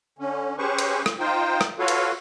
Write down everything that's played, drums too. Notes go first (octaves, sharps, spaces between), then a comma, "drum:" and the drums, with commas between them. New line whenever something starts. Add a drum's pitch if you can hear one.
D3 C#4
C#4 G4 G#4 B4 C5 C#6
drum: cymbal
drum: rim click
D#4 F4 C5 G5
drum: rim click
F4 F#4 A4 B4 C#5 F5
drum: cymbal